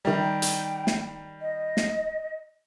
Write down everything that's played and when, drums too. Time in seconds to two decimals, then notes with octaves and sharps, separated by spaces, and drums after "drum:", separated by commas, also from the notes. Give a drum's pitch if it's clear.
0.05 D#3 G3 E5
0.20 G5
0.42 drum: hi-hat
0.87 drum: snare
1.40 D#5
1.77 drum: snare